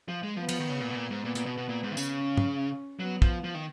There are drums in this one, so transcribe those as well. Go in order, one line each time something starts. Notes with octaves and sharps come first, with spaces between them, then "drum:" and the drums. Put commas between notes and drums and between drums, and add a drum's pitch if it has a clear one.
F3
G#3
F3 B3
F3, drum: cymbal
D#3
C#3
A#2
B2
A#2
G#2
A#2 B3
A#2, drum: hi-hat
B2
B2
A#2
G#2
D#3
C#3, drum: tambourine
C#4
drum: tom
F#3 B3
F3, drum: kick
F3
D#3